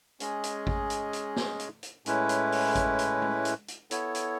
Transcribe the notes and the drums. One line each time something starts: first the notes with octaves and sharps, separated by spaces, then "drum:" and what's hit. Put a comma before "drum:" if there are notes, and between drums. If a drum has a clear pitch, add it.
G#3 C#4 G#4 D#5, drum: hi-hat
drum: hi-hat
drum: kick G#1
drum: hi-hat
drum: hi-hat
drum: snare
drum: hi-hat
drum: hi-hat
A2 G#3 C#4 E4 B4, drum: hi-hat
drum: hi-hat
drum: open hi-hat
drum: kick G#1, hi-hat
drum: hi-hat
drum: tom G#3
drum: hi-hat
drum: hi-hat
B3 E4 A4 C#5, drum: hi-hat
drum: hi-hat